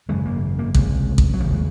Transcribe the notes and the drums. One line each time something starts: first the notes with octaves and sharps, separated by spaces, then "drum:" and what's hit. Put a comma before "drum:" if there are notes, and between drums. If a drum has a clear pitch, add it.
G#1 F#2 C#3 G#3
A#3
A#3
C#2 C3 G#3, drum: kick A1
drum: kick A1
F#3
F1 D#2 C#3 F3
G#3